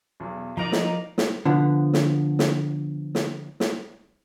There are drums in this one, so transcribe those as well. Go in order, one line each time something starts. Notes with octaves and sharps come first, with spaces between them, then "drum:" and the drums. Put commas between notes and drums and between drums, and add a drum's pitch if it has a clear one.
B1 E2 B2
F3 D#4 A#4 D5 D#5 A#5
drum: snare
drum: snare
D3 F3 B3
drum: snare
drum: snare
drum: snare
drum: snare